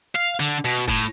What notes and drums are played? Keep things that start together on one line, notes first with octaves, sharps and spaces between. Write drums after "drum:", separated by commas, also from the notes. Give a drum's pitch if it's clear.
F5
D3
B2
A2, drum: kick